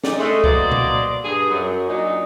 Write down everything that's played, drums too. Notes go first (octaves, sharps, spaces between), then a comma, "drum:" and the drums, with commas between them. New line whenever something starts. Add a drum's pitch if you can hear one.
D#4 A#4 D5, drum: snare
G#3 A3
F#3 A#3 B3 C5 D5 D#5, drum: kick C#2
drum: tom A#2
G2 G#4
F#2
F#2 A#2 F#3 D4 D#4